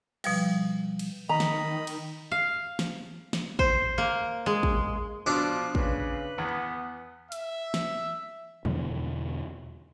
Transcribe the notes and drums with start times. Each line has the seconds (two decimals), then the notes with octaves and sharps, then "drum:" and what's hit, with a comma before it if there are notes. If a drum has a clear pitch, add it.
0.24 B2 F3 G3, drum: cymbal
0.99 drum: cymbal
1.29 D#3 D#5 A#5 B5
1.40 drum: snare
1.87 drum: cymbal
2.31 F5
2.79 drum: snare
3.33 drum: snare
3.59 C5, drum: kick
3.98 A#3
4.46 G#3
4.63 drum: kick
5.26 B2 F3 D4
5.75 C#3 B4, drum: kick
6.38 E2 B3
7.32 E5, drum: hi-hat
7.74 drum: snare
8.65 E2 B2 D3 E3, drum: tom E3